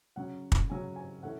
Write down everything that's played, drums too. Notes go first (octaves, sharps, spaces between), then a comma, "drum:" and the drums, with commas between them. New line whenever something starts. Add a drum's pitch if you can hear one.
C#3 F#3 C#4 F#5
drum: kick
C#3 F#3 C#4 G#5
G#5
E3 A3 C#4 F#5